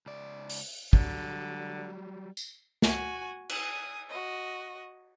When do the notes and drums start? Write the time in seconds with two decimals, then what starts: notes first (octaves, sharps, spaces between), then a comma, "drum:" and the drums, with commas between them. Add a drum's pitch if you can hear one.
0.06 C#2 D5
0.49 drum: open hi-hat
0.93 D3 F#3 G3, drum: kick
2.37 drum: tambourine
2.82 F#4 G#5, drum: snare
3.49 G#5 D#6, drum: cymbal
4.09 F#4 D#5